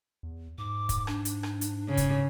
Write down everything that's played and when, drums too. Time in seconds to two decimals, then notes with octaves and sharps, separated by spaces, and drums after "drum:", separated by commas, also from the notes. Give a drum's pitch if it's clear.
0.23 E2
0.58 G#2 D6
0.89 drum: kick, hi-hat
1.07 D4, drum: rim click
1.25 drum: hi-hat
1.43 drum: rim click
1.61 drum: hi-hat
1.88 C#3
1.97 drum: kick, hi-hat